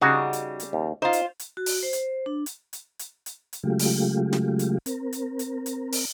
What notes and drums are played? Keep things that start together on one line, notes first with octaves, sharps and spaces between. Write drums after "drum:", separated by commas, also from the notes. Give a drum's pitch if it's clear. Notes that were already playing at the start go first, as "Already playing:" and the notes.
C#3 G3 D#4 F#4 G#4
drum: hi-hat
drum: hi-hat
D#2
D#4 F4 C5
drum: hi-hat
drum: hi-hat
F#4
drum: open hi-hat
C5
drum: hi-hat
D4
drum: hi-hat
drum: hi-hat
drum: hi-hat
drum: hi-hat
drum: hi-hat
C#3 F#3 G#3 A3 F4 G4
drum: open hi-hat
drum: snare
drum: hi-hat
C4 A#4, drum: hi-hat
drum: hi-hat
drum: hi-hat
drum: hi-hat
drum: open hi-hat